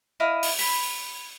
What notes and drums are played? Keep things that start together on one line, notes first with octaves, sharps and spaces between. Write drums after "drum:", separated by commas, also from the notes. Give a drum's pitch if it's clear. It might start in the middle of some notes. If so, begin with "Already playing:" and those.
E4 D#5 F5 D#6
drum: open hi-hat
B5, drum: open hi-hat